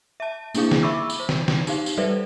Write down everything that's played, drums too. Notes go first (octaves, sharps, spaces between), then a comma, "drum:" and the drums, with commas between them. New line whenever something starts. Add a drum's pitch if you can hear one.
E5 A5
A#3 D4 E4 G#4 F5, drum: tambourine
drum: snare
E5 B5 C#6 D6 E6
drum: tambourine
C5
drum: snare
drum: snare
D#4 G4 F5, drum: tambourine
drum: tambourine
G3 A4 B4 C5 D5 E5